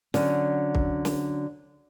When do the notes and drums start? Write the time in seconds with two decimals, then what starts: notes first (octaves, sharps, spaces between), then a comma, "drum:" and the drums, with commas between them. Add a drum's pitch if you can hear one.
0.14 D3 F#3 C#4, drum: snare
0.75 drum: kick
1.05 drum: snare